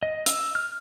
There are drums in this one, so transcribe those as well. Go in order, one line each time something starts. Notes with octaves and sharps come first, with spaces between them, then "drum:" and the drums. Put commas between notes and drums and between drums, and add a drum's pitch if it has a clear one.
D#5
E6, drum: hi-hat
F6